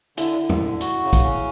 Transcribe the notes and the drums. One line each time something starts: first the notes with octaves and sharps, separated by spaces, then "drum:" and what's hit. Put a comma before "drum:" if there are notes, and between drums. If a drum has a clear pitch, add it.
D3 E4, drum: hi-hat
D3
drum: tom
D3
F#4, drum: hi-hat
C#3
drum: kick, hi-hat
C#4